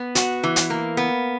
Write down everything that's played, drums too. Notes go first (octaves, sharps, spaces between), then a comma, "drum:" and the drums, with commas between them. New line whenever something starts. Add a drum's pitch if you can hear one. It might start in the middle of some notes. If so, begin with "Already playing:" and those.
Already playing: B3
F#4, drum: hi-hat
E3
drum: hi-hat
A#3
B3